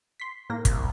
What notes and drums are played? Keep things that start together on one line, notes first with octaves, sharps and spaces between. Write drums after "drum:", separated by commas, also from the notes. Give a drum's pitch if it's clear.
C6 B6
A2 A#3 A#6
C2, drum: kick, hi-hat